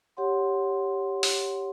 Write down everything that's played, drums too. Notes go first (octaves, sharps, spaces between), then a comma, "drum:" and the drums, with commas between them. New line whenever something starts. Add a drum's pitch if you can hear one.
G4 C#5 F#5 C6
drum: open hi-hat